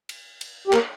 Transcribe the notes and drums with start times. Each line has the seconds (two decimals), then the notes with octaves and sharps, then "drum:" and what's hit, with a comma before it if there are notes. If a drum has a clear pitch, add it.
0.09 drum: cymbal
0.41 drum: cymbal
0.68 G4
0.73 A#3 A#4, drum: clap